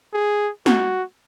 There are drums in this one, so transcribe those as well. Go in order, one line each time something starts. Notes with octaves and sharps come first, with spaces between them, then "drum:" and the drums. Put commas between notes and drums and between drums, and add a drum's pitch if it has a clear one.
G#4
F#4, drum: snare G#3